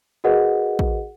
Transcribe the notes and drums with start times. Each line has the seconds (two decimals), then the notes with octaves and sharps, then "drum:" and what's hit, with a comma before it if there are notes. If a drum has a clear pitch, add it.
0.24 F#4 G#4 A#4 B4 D#5 F#5
0.79 drum: kick